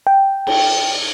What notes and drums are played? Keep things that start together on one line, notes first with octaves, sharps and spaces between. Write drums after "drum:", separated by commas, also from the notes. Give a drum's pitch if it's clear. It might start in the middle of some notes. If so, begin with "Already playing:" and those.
G5
drum: cymbal